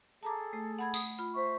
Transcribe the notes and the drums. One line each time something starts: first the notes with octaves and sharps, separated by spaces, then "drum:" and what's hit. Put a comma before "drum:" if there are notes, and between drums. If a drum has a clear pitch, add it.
G#4 A4 A5 A#5 D6
A3
F#5 B5 G#6
D#6, drum: tambourine
F4 B5
C5 E5 C#6